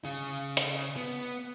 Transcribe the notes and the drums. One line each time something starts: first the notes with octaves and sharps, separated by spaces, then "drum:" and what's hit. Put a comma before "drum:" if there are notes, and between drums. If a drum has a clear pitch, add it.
C#3 G#4
drum: hi-hat
B3